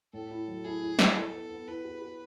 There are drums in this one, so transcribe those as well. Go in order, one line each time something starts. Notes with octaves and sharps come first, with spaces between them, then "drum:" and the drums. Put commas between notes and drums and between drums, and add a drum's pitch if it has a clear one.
A2 A4
E4
F#3
E4 G#4
E4
E4, drum: snare
E4 A4
B3
B3
E4 B4
G#4
G#4